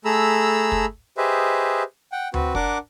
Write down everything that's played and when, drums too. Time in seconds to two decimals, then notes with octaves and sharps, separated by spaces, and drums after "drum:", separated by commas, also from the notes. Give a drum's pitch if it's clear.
0.05 A3 G#4 A4 A#5 B5 E6
0.72 drum: kick
1.17 G4 G#4 B4 C5 D#5 E5
2.12 F#5 G5
2.34 C4 F#4 B4, drum: tom D2
2.55 D4 A#4 F#5 D6, drum: kick